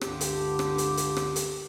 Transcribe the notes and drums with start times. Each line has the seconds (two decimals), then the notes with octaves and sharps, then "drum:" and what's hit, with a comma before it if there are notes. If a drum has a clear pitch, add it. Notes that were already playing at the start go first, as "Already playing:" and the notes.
0.01 C#2 G2 D3 G4, drum: rim click
0.21 drum: hi-hat
0.59 drum: rim click
0.78 drum: hi-hat
0.97 drum: hi-hat
1.16 drum: rim click
1.36 drum: hi-hat